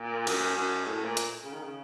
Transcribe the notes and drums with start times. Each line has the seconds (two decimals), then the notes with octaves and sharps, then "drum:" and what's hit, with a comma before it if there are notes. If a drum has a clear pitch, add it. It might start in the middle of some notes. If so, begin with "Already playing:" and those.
Already playing: A#2
0.27 F#2, drum: cymbal
0.56 F#2
0.86 A2
1.04 A#2
1.17 drum: hi-hat
1.43 C#3
1.53 D#3
1.63 C#3